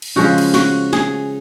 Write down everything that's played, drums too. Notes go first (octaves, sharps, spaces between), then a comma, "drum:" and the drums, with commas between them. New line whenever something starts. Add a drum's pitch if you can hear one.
drum: cymbal
C#3 F3 G#3 F#4
drum: cymbal
F#4, drum: snare
G#4, drum: snare